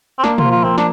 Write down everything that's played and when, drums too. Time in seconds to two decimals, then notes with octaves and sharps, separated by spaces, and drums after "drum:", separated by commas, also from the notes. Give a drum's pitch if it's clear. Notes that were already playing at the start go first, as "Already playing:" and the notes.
0.19 C4
0.24 A#3 D4, drum: snare
0.38 F4, drum: tom
0.45 F3
0.51 F4
0.64 A#3 C4
0.78 D4, drum: snare